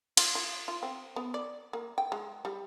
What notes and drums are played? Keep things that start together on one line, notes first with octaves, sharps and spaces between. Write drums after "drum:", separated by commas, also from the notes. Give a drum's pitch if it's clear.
F4, drum: cymbal
F4
F4
C4
B3
D5
A#3
G5
G#3
G3